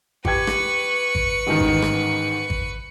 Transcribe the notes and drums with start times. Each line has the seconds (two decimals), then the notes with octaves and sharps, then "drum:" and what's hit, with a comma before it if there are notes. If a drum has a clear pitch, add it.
0.25 G4 B4 G5 C#6 G#6, drum: kick G#1
0.47 drum: rim click
1.15 drum: kick G#1
1.47 A1 G#2 D#3
1.60 drum: kick G#1
1.82 drum: rim click
2.50 drum: kick G#1